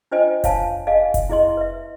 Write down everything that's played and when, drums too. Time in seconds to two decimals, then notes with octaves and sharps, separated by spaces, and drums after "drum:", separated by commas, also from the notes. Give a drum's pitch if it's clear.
0.11 D4 F4 C5 D#5 G5 G#5
0.44 C#5 F5 G#5 A5, drum: kick F1, hi-hat
0.87 G#4 D#5 F5 G#5
1.14 drum: kick F1, hi-hat
1.29 E4 G#4 D#5 C6
1.57 B4 E5